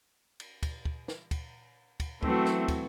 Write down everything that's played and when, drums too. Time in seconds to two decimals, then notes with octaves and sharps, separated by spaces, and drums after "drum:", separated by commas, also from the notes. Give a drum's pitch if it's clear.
0.40 drum: cymbal
0.63 drum: kick, cymbal
0.85 drum: kick
1.08 drum: snare
1.31 drum: kick, cymbal
2.00 drum: kick, cymbal
2.23 E3 F#3 A3 C4 F#4, drum: kick
2.45 drum: snare
2.68 drum: kick, cymbal